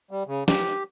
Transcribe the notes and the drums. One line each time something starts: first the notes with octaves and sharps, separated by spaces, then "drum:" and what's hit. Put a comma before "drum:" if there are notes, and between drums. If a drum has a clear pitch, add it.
G3
C#3
G4, drum: snare